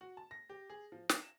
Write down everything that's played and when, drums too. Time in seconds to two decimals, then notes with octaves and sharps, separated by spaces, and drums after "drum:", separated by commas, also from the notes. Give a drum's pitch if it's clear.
0.01 F#4
0.17 A5
0.31 A#6
0.49 G4
0.70 G#4
0.92 F3
1.09 E7, drum: snare